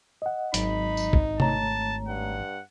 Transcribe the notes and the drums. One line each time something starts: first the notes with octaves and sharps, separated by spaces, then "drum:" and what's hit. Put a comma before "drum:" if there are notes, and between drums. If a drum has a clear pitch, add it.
D#5 F#5
G#1 F#3 D#4 B5, drum: hi-hat
drum: tambourine
drum: kick
A3 C#5 A5 A#5, drum: tom
G2 F#5